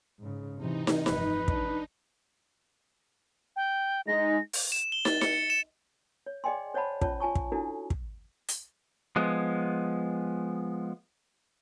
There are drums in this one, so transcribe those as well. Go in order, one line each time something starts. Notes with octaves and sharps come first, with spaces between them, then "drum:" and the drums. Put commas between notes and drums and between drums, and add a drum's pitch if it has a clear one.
G#2 C#3
C3 E3 D#4
drum: snare
F1 G2 B4, drum: snare
D4, drum: kick
G5
G#3 D#4 A#6
drum: open hi-hat
E7
G7
A6, drum: snare
C#7, drum: snare
C#7
E7
C#5
G#4 D5 D#5 G5 G#5 C6
C5 C#5 D#5 F#5 A5 B5
C#4 F4 C#5 A5, drum: kick
F4 G#5 A5 C#6
drum: kick
D4 E4 F#4 A4
drum: kick
drum: hi-hat
F3 G#3 B3